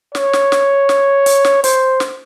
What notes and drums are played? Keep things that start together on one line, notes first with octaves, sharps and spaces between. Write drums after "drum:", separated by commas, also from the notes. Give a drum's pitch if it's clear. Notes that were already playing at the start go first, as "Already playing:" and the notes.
C#5, drum: snare
drum: snare
drum: snare
drum: snare
drum: hi-hat
drum: snare
C5, drum: hi-hat
drum: snare